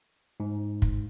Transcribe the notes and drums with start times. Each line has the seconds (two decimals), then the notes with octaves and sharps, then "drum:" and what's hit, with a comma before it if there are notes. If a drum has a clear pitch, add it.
0.40 G#2
0.82 drum: kick